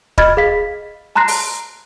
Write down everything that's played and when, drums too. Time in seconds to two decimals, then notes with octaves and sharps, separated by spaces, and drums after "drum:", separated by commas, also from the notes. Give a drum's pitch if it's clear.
0.18 D#5 B5 F6 G#6 A6, drum: kick
0.37 G#4 F5 B6
1.16 A5 A#5 C6 F#6 A#6 C7
1.28 drum: open hi-hat